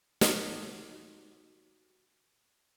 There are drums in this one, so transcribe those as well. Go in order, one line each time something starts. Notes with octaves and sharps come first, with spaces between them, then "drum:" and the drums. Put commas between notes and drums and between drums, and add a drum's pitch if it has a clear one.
D#4 F#4 G4 C#5, drum: snare